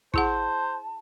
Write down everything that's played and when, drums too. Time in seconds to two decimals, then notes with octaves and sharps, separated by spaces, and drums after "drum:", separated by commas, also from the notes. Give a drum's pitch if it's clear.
0.14 E4 G#4 C5 F#5 A5, drum: kick